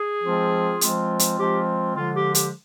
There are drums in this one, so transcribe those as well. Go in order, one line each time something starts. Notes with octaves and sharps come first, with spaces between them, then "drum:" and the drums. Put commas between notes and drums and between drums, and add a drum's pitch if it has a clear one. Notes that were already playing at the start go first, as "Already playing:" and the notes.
Already playing: G#4
F3 G#3 C4 F4
F3 G#3 C4 F4, drum: hi-hat
drum: hi-hat
F3 G#3 C4 F4 G4
D3 F3 G#3 F4
G4
G4, drum: hi-hat